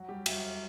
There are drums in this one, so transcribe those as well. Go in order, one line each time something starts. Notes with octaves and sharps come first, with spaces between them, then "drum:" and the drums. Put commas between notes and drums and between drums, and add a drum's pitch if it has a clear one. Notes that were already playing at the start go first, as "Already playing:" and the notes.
Already playing: F#3 F#4
G3 G4
F#3 F#4, drum: cymbal